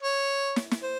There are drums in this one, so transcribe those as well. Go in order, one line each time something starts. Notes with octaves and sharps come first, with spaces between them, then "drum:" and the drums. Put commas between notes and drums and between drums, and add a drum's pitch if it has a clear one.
C#5
drum: snare
drum: snare
C5